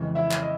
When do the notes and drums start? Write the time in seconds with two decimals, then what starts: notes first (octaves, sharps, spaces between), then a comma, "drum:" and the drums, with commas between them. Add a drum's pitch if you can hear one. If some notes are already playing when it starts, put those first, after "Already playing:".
Already playing: F2 C#3 E3 G#3
0.15 E4 E5
0.31 drum: clap
0.42 D#5